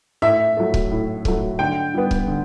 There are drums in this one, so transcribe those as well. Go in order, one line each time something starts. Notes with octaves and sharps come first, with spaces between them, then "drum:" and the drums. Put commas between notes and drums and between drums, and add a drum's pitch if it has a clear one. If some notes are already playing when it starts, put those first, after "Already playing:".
A2 E5
F#3 A3
drum: kick C#1
A2
F#3 A3, drum: kick C#1
D3 G5
G3 B3
drum: kick C#1
D3